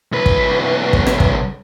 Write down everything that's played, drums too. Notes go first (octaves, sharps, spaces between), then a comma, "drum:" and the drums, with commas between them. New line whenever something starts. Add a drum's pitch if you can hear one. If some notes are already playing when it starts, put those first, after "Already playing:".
C2 B4
drum: kick
drum: kick
drum: rim click
drum: kick